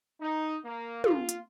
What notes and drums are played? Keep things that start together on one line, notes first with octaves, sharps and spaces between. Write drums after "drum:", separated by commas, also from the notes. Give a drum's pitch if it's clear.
D#4
A#3
F4, drum: tom
drum: hi-hat